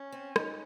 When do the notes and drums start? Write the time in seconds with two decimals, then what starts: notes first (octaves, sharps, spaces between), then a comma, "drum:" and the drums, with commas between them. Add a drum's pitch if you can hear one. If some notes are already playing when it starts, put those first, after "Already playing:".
Already playing: C#4
0.12 C4
0.36 D#4, drum: rim click